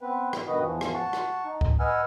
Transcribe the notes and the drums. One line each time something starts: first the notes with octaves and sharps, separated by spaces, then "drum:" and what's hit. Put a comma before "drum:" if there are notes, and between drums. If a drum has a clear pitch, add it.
B3 C4 B4
drum: rim click
G2 B2 D#3 F#4 B4 D#5
E2 E3 F3
drum: rim click
F#5 A5 C#6
drum: rim click
D#4
drum: kick C2
B4 D#5 F#5 G#5 E6 F6